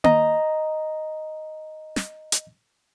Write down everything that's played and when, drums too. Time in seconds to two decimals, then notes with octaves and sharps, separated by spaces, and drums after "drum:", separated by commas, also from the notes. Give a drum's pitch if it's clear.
0.04 D#5 A#5, drum: tom A#3
1.96 drum: snare
2.32 drum: hi-hat